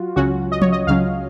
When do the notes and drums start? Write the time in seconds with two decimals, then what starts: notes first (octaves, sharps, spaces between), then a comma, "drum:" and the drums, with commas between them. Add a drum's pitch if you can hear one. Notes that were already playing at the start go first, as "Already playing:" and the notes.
Already playing: F#3 F4 F#4
0.16 C#2 C#3 F#3 C#4 F#4
0.52 D#5
0.62 C#5, drum: tom F3
0.72 D#5
0.87 C#2 C#3 F#3 C#4 F5